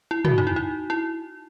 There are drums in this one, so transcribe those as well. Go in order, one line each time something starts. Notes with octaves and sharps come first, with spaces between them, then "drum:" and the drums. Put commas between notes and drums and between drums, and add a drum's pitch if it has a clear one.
E4
F#4, drum: tom
D#4
E4
D#4
E4